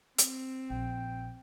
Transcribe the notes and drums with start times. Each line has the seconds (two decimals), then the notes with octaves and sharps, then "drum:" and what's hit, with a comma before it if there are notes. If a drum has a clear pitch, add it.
0.18 C4, drum: hi-hat
0.70 A#1 G5